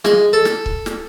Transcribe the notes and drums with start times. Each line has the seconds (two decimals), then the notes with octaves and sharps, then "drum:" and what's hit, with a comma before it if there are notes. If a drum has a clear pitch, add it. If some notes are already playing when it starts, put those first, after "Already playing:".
0.05 G#3, drum: snare
0.33 A4
0.45 drum: snare
0.66 drum: kick C#1
0.86 drum: snare